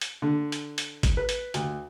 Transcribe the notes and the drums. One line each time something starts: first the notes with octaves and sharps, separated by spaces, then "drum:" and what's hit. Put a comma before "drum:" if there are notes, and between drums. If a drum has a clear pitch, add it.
drum: hi-hat
D3
drum: hi-hat
drum: hi-hat
drum: kick G#1, hi-hat
B4
drum: hi-hat
D2, drum: hi-hat